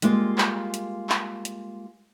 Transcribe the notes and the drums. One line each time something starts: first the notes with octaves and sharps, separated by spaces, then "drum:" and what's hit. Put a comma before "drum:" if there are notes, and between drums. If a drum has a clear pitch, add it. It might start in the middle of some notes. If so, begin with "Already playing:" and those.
G3 G#3 A#3 F4, drum: hi-hat
drum: clap
drum: hi-hat
drum: clap
drum: hi-hat